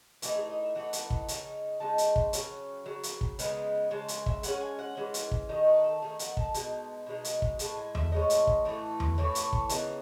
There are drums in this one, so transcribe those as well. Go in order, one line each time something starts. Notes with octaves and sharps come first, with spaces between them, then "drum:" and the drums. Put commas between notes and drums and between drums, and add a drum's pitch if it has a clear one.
E3 A3 D#4 G#4, drum: hi-hat
G#4
D#5
E5
E3 A3 D#4 F#5
drum: hi-hat
drum: kick
C#3 G#3 D#4, drum: hi-hat
C#3 G#3 D#4 A5
drum: hi-hat
drum: kick
C#3 F#3 C#4, drum: hi-hat
C#3 F#3
drum: hi-hat
drum: kick
C#3 G#3 B3 D#4, drum: hi-hat
C#3 G#3 A5
G#5, drum: hi-hat
E5, drum: kick
E3 G#3 C#4 F#5, drum: hi-hat
G#5
F#5
E3 G#3 C#4
drum: hi-hat
drum: kick
D#3 A3 D#4 D#5
B4
A4
D#3 A3 D#4 G#4
F#5, drum: hi-hat
A5, drum: kick
B2 G#3 D#4 A5, drum: hi-hat
B2 G#3 D#4
drum: hi-hat
drum: kick
A2 G#3 A5, drum: hi-hat
G#5
E5, drum: tom E2
A2 G#3 C#4 D#5
drum: hi-hat
drum: kick
A2 E3 A3
drum: tom E2
A2 E3 A3 C#5
drum: hi-hat
drum: kick
C#3 E3 B3 D#4, drum: hi-hat